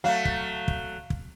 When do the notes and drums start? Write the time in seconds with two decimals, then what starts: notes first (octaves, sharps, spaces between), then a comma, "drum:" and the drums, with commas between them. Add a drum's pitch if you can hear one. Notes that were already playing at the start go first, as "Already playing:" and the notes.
0.04 F#3 A3 F5
0.25 drum: kick
0.68 drum: kick
1.10 drum: kick